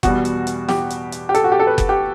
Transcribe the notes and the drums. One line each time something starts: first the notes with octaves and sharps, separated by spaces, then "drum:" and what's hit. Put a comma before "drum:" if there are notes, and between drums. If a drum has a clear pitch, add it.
E2 B2 G3 F#4, drum: kick F#1, hi-hat
drum: hi-hat
drum: hi-hat
G4, drum: snare
drum: hi-hat
drum: hi-hat
G4
A4, drum: hi-hat
F#4
G4
A4
B4
drum: kick F#1, hi-hat
G4